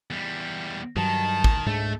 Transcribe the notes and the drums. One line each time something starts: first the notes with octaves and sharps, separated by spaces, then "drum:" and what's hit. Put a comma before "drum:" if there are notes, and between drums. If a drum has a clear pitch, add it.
E2 G3
G2 D#3 F#3 A5
drum: kick
G#2 G#3 A3 D4